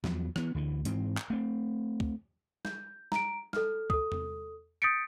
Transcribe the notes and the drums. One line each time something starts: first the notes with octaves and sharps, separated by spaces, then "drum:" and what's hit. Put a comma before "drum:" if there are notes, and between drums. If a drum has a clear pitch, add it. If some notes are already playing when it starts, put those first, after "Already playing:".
E2 F3 F#3, drum: snare
E3 B3, drum: rim click
D2 D3 E3
G#2 E3 C4, drum: hi-hat
drum: clap
A3 C4
drum: kick C#2
G6, drum: snare
A#5 D7, drum: snare
A4 F6, drum: snare
A4 D#6, drum: kick C#2
drum: tom E2
D#6 G6 A6 B6 C#7 D7